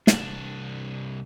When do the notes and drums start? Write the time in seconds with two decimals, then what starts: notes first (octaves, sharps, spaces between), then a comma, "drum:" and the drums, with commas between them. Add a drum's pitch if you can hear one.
0.07 C2 D4, drum: snare